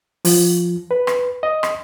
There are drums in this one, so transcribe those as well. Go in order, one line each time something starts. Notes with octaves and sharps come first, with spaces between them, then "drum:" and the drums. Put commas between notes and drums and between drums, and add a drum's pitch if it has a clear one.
F3, drum: open hi-hat
B4
drum: rim click
D#5
drum: rim click